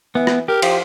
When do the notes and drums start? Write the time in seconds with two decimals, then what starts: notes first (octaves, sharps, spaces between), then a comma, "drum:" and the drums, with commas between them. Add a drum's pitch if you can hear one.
0.15 E3 B3
0.27 drum: rim click
0.48 G4 A#4
0.62 F3, drum: cymbal